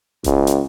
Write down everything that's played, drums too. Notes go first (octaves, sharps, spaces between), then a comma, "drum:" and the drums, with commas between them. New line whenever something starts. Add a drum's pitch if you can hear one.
C#2, drum: kick E1, hi-hat
drum: hi-hat